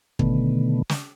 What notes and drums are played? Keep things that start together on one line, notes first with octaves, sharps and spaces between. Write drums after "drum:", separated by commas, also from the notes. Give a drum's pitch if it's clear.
B2 D3 D#3 A3 B3, drum: kick
drum: snare